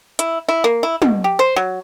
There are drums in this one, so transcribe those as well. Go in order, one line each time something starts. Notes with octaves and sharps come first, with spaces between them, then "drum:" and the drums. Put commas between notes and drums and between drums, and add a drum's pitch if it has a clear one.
E4, drum: hi-hat
E4
A#3
E4
B2, drum: tom
G4
C5
F#3